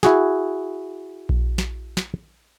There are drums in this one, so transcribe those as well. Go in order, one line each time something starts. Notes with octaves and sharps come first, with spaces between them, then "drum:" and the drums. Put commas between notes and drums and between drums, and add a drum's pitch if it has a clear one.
E4 F#4 G#4, drum: snare
drum: kick A#1
drum: snare
drum: snare